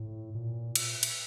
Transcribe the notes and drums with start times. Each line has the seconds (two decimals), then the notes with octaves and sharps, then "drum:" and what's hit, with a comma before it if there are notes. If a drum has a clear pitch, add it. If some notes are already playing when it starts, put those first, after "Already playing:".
Already playing: A2
0.34 A#2
0.75 drum: cymbal
1.03 drum: cymbal